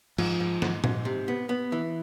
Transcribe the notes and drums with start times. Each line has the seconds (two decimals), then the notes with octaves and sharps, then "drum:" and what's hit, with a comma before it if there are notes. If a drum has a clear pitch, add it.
0.18 G#2 F3, drum: cymbal
0.40 G#2
0.62 G#2, drum: snare
0.84 G#2, drum: tom A#2
1.05 C3
1.28 B3
1.49 B3
1.72 E3